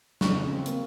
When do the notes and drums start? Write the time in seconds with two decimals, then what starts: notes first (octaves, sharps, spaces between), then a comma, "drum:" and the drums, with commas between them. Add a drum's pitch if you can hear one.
0.21 C#3 C#6, drum: snare
0.36 C#3
0.51 C4
0.66 A#3, drum: hi-hat